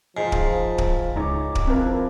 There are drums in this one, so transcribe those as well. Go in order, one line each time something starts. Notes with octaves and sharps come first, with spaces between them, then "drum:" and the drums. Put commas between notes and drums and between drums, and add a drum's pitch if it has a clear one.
G#2 F3 D#4 F4
drum: kick D1
drum: kick D1
C#2 D#4 C#5 A#5 D6
drum: kick D1
F3 C4 D4 E4 A#4